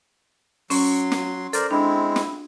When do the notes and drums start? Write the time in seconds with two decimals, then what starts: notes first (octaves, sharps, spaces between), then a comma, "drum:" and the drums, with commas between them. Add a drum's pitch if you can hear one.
0.70 F#3 C#4 C6, drum: open hi-hat
1.12 drum: snare
1.53 A4 A#4 C5 D5, drum: hi-hat
1.71 G#3 C4 D4 E4
2.16 drum: snare